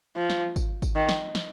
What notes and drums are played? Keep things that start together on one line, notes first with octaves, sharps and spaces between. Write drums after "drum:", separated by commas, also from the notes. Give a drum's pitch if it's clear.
F3
drum: snare
drum: kick G#1, tambourine
drum: kick G#1, tambourine
D#3
drum: snare
drum: snare